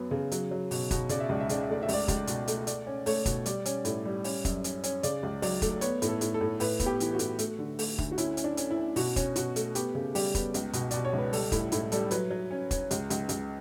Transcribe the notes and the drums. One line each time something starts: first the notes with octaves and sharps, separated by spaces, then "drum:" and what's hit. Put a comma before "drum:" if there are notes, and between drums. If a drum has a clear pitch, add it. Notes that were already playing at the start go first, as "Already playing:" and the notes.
Already playing: F#2 F#3 B3
C#3
F#3, drum: hi-hat
F#3
B2, drum: open hi-hat
B2, drum: kick, hi-hat
C#3 D5, drum: hi-hat
E5
C#2 D5
E5
C#3 D5, drum: hi-hat
E5
A3 D5
E5
C#2, drum: open hi-hat
D5
C#2, drum: kick, hi-hat
B2, drum: hi-hat
A3, drum: hi-hat
A3 D5, drum: hi-hat
C#4
A3 C#5, drum: open hi-hat
B2, drum: kick, hi-hat
G3 D5, drum: hi-hat
C#4, drum: hi-hat
A2, drum: hi-hat
G3
C#4, drum: open hi-hat
F#2, drum: kick, hi-hat
C#4, drum: hi-hat
C#4, drum: hi-hat
C#3 D5, drum: hi-hat
C#2
F#3 D5, drum: open hi-hat
A3, drum: kick, hi-hat
B3 C#5, drum: hi-hat
A2, drum: hi-hat
A4
A2, drum: hi-hat
A4
A2
A2 B4, drum: open hi-hat
B3, drum: kick, hi-hat
G4
E3, drum: hi-hat
F#4
A2, drum: hi-hat
A3, drum: hi-hat
D3
A3, drum: open hi-hat
D2, drum: kick
F#4
C#4 E4, drum: hi-hat
C#4, drum: hi-hat
D4
C#4, drum: hi-hat
E4
C#4
B2 F#4, drum: open hi-hat
C#4, drum: kick, hi-hat
B2 F#4, drum: hi-hat
A3, drum: hi-hat
B3 G4, drum: hi-hat
C#3
G3 G4, drum: open hi-hat
B3, drum: kick, hi-hat
C#2, drum: hi-hat
B2, drum: hi-hat
B2 D5, drum: hi-hat
C#5
C#2
B4
G3 A4, drum: open hi-hat
A2 E4, drum: kick, hi-hat
A2 E4, drum: hi-hat
G3 A4, drum: hi-hat
F#3 B4, drum: hi-hat
F#3
C#4
C#4, drum: kick, hi-hat
C#2, drum: hi-hat
C#2, drum: hi-hat
C#2, drum: hi-hat